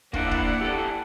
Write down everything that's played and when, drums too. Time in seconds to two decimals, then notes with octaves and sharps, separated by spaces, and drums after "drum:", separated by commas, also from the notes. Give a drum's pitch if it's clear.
0.14 A#3 D4 E4 D5 F#5, drum: kick
0.31 drum: kick
0.61 G4 A4